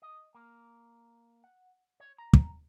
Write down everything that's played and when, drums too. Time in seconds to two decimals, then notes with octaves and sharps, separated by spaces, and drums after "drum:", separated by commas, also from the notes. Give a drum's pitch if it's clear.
0.02 D#5
0.34 A#3
1.44 F#5
2.00 C#5
2.18 A#5
2.33 drum: kick